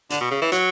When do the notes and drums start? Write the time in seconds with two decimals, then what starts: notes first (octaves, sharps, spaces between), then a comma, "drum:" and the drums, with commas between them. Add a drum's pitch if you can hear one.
0.10 D3, drum: hi-hat
0.21 B2
0.31 C#3
0.42 E3
0.52 F#3, drum: hi-hat